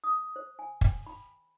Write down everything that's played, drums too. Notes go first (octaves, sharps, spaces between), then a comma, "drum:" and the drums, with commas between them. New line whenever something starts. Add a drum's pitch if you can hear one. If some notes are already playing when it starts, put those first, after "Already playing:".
D#6
C5
G#5
G5, drum: kick
B5